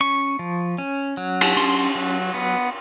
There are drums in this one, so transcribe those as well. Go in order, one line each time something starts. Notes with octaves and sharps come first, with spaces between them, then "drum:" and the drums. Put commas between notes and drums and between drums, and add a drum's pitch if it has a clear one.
C#4 C#6
F3
C#4
F#3
drum: cymbal
C#4 C6
F#3
B3